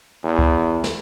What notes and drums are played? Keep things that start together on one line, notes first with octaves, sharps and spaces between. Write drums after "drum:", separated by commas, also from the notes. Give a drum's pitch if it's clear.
E2
drum: kick C#2
drum: snare